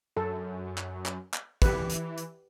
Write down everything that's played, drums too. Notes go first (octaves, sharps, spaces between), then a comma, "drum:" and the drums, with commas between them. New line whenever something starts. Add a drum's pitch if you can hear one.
F#2 A4
drum: clap
drum: clap
drum: clap
E3 G4 B4, drum: kick, hi-hat
drum: hi-hat
drum: hi-hat